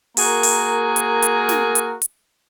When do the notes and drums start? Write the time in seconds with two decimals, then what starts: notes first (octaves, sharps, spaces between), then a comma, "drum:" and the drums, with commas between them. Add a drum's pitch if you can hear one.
0.17 A#3 F#4 G#4 A#4, drum: open hi-hat
0.43 drum: open hi-hat
0.96 drum: hi-hat
1.22 drum: hi-hat
1.49 drum: snare
1.75 drum: hi-hat
2.02 drum: hi-hat